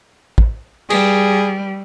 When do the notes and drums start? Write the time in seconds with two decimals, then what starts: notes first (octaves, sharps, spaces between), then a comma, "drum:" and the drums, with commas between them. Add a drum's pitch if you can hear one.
0.38 drum: kick
0.90 G3 G#4, drum: cymbal